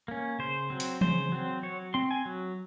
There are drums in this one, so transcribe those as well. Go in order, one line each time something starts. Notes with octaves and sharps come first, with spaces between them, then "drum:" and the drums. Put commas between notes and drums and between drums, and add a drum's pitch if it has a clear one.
A#3 C#4
C#3 C5
F#3 C4
drum: hi-hat
C#3 C5, drum: tom E3
F#3 C4
F#3 C#5
C4 C6
G#5
F#3